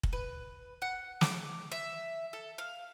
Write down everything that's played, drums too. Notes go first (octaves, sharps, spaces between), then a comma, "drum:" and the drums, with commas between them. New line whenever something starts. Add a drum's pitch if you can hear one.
drum: kick
B4
F#5
D6, drum: snare
E5
A4
F5